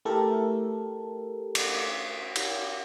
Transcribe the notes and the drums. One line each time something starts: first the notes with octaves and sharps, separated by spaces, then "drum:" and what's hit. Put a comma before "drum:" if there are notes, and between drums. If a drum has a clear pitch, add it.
A3 E4 G4 A4 A#4
drum: cymbal
drum: cymbal